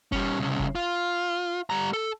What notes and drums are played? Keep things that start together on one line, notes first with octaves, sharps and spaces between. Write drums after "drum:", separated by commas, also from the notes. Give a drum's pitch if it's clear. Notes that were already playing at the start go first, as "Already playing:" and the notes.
G3 C#4, drum: kick F1
C2 C#3
drum: kick F1
F4
G3 A#5
A4